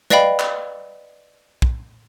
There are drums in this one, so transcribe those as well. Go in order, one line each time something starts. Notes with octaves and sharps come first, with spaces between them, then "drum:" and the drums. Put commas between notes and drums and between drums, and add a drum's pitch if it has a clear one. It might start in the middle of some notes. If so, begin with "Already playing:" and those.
B4 D5 D#5 F5 G5 B5, drum: snare
drum: clap
drum: kick